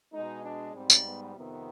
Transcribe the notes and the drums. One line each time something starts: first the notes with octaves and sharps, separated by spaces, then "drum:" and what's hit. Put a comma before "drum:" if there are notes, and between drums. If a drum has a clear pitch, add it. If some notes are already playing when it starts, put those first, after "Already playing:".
B2 G#3 D#4
D4
G#2 G3 C4
drum: tambourine
B3
F2 C3 D#3 B3